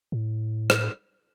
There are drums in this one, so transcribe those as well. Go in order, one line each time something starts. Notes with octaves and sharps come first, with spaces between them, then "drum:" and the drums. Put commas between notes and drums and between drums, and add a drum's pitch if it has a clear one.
A2
drum: rim click